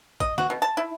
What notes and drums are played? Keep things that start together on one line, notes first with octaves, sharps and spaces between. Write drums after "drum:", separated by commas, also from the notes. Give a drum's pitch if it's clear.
D#5, drum: kick
F#4, drum: snare
B2
A5
E4